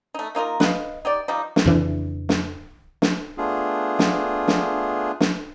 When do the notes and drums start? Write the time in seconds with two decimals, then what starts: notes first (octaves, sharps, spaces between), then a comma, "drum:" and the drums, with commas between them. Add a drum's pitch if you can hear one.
0.14 A3 D#4
0.35 A#3 D#4 F4 A#4
0.60 B4 D#5 F5, drum: snare
1.05 D#4 G4 D5
1.28 F3 G3 D#4
1.56 drum: snare
1.66 F2 C#3 E3 D4
2.29 drum: snare
3.02 drum: snare
3.38 A3 B3 D4 F4 G#4
3.99 drum: snare
4.48 drum: snare
5.20 drum: snare